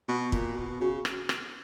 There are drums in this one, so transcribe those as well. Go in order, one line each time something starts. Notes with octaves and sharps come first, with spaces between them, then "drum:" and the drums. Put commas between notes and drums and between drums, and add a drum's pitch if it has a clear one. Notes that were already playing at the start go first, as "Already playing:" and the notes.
B2
A#2, drum: kick
B2
C#3 F#4
drum: rim click
drum: rim click